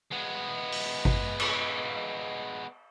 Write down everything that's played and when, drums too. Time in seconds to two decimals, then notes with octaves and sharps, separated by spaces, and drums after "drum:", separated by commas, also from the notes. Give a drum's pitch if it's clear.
0.12 G#3 B3
0.72 drum: open hi-hat
1.05 drum: kick G#1
1.40 drum: cymbal